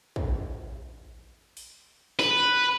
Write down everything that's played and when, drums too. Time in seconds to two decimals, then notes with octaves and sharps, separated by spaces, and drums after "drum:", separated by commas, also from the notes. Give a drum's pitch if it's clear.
0.16 drum: kick
1.57 drum: open hi-hat
2.19 B4, drum: snare